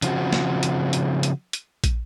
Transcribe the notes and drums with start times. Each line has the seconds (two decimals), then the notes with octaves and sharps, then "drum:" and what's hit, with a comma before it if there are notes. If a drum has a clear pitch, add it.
0.02 C#3 F3 C4 F#4, drum: hi-hat
0.33 drum: snare
0.63 drum: hi-hat
0.93 drum: hi-hat
1.23 drum: hi-hat
1.53 drum: hi-hat
1.84 drum: kick, hi-hat